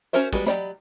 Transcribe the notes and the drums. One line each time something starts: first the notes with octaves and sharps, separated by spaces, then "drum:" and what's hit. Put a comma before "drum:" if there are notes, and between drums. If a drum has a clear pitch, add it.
C#4 F#4 A#4 C5 E5
G3 G#3 B3 F#4 B4, drum: kick
F#3 G4 D5 D#5 B5, drum: snare